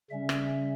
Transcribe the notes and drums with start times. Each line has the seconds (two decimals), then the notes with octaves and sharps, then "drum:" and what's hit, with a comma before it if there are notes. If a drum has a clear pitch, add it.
0.10 C#3 G3 C#4 E5
0.29 drum: rim click